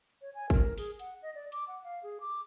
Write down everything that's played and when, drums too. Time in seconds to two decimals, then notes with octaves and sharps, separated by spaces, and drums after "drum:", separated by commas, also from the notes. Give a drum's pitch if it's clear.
0.22 C#5
0.35 G#5
0.50 A#4, drum: kick, hi-hat
0.78 G#4, drum: open hi-hat
0.99 F#5, drum: hi-hat
1.22 D#5
1.35 D5
1.52 D6, drum: hi-hat
1.68 F#5
1.84 F5
2.03 G#4
2.20 D6